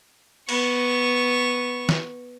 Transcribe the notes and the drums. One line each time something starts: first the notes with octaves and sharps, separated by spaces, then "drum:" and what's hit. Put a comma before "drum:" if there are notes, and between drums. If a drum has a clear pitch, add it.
B3 C#6, drum: cymbal
drum: snare